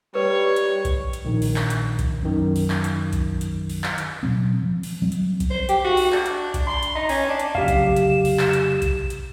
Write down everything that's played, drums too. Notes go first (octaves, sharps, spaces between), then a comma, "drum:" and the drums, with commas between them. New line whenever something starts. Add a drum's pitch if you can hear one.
G3 B4 C#5
drum: hi-hat
drum: kick B1, hi-hat
drum: hi-hat
A#1 D#3
drum: open hi-hat
drum: clap
drum: hi-hat
drum: kick B1, hi-hat
F#2 D#3
drum: open hi-hat
drum: clap
drum: hi-hat
drum: kick B1, hi-hat
drum: hi-hat
drum: open hi-hat
drum: clap
drum: hi-hat
B2 F#3 C4
F3
drum: open hi-hat
F#3 G3 C4
drum: hi-hat
drum: kick B1, hi-hat
C5
G4, drum: hi-hat
F#4
drum: open hi-hat
D4, drum: clap
drum: hi-hat
drum: kick B1, hi-hat
C6
drum: hi-hat
D#4
C#4, drum: open hi-hat
D4
drum: hi-hat
F1 C#3 F#3 G4 F5 E7
drum: kick B1, hi-hat
drum: hi-hat
drum: open hi-hat
drum: clap
drum: hi-hat
drum: kick B1, hi-hat
drum: hi-hat